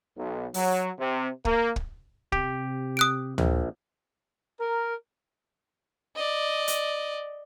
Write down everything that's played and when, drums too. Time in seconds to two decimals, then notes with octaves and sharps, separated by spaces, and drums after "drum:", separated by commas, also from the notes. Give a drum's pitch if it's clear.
0.17 B1
0.54 F#3, drum: open hi-hat
0.99 C3
1.45 A#3, drum: kick
1.76 drum: kick
2.32 C3 G4, drum: kick
2.97 D#6 F#6 D7
3.38 A#1, drum: tom D2
4.60 A#4
6.16 D5 D#5
6.68 drum: hi-hat